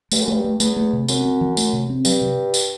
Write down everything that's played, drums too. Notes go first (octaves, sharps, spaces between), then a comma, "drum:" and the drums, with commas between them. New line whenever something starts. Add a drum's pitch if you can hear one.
G2 A3, drum: tambourine
F#2
G2 A3
A3
E2 A3, drum: tambourine
A3
C3
F#2 C4, drum: tambourine
C4
E3
A3, drum: tambourine
C3
C4
G2 F#3, drum: tambourine
C3
drum: tambourine